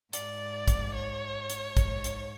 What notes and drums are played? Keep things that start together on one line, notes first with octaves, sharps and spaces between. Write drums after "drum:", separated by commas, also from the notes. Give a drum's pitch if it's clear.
G#2 D5, drum: hi-hat
drum: kick, hi-hat
C#5
drum: hi-hat
G#2, drum: kick, hi-hat
drum: hi-hat